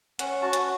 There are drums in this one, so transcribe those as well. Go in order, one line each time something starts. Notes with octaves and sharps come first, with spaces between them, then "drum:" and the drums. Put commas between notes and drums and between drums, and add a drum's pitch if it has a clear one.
C#4 F#5, drum: hi-hat
F#4 A5
drum: hi-hat